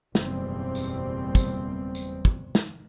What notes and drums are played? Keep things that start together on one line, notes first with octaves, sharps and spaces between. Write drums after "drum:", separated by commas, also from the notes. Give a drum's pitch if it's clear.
F#1 E2 B2 G3 C4, drum: snare
drum: tambourine
drum: kick, tambourine
drum: tambourine
drum: kick
drum: snare